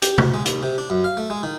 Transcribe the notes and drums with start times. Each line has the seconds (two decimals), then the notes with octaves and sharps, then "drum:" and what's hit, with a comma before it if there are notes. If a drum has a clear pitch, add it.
0.02 G4, drum: hi-hat
0.18 D2, drum: tom
0.34 G#3
0.46 D#2, drum: hi-hat
0.63 C3
0.78 D4
0.90 F#2
1.04 F5
1.17 A3
1.30 G#3
1.43 D#3